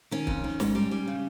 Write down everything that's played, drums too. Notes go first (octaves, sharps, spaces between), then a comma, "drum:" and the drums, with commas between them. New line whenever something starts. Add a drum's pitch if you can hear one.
D#3 C#4
F2, drum: kick C#1
D#3
G#2, drum: snare
G3
G3
C#3